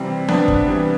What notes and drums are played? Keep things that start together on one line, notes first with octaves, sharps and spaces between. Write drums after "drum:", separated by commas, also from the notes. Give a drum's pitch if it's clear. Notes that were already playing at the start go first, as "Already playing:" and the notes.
Already playing: C3 E3 G3 C4
B3 D4, drum: snare B3
drum: kick
C3 E3 G3